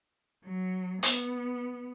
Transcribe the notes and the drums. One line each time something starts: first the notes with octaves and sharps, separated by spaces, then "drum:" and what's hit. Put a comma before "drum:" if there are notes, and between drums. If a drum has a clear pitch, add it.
F#3
B3, drum: hi-hat